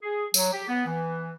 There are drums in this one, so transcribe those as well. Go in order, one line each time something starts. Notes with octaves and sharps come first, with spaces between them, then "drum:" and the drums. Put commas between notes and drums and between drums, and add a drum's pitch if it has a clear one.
G#4
F#3, drum: tambourine
G4
B3
E3